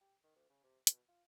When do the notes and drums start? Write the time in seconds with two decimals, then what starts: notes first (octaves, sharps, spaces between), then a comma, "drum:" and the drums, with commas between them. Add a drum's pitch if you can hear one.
0.01 G4
0.24 D#3
0.36 D2
0.50 C#3
0.63 C3
0.87 B2, drum: hi-hat
1.08 F4